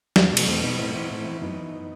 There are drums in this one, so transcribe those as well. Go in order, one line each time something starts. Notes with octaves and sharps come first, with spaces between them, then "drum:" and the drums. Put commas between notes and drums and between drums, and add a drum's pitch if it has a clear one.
E2, drum: snare
B2
A3, drum: cymbal
E2 A3 C4
B2 B3 D#4
A2 C4 E4
E3 C4 E4
A2
E3
F#2 B3 D#4
E3